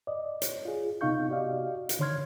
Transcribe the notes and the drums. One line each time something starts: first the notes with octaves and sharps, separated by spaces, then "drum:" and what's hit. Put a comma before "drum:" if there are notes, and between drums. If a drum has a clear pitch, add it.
D5 D#5
C#5, drum: hi-hat
F4 G#4
C3 B3 D#4 F5 C#6 G6
F#4 G4 D5 D#5 F5
drum: hi-hat
D3 D#3 C#5 C6 F6 G#6